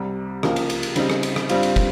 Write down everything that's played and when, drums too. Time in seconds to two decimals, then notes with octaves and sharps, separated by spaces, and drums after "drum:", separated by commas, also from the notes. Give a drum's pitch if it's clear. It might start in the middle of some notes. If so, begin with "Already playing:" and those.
Already playing: C2 C3 G3
0.43 C#2 C#3 F3 A#3, drum: rim click
0.56 drum: cymbal
0.70 drum: cymbal
0.83 drum: cymbal
0.96 C#3 G3 C4 D#4, drum: cymbal
1.10 drum: rim click
1.23 drum: cymbal
1.36 drum: rim click
1.49 G2 G3 C4 F4, drum: cymbal
1.63 drum: cymbal
1.76 drum: kick, cymbal